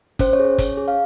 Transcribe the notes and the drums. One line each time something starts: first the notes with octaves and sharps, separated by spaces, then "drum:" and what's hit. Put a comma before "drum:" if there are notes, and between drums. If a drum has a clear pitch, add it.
C#4 C5, drum: kick, hi-hat
C#5
G#4
C#5
C#4 C#5, drum: kick, hi-hat
G#4
F5